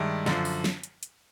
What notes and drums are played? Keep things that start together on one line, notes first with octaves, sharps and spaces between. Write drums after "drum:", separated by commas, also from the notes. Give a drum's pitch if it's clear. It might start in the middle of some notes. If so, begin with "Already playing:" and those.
Already playing: G2 D#3 G#3 D5 E5
F#2 D3 F3, drum: snare
drum: open hi-hat
drum: snare
drum: hi-hat
drum: hi-hat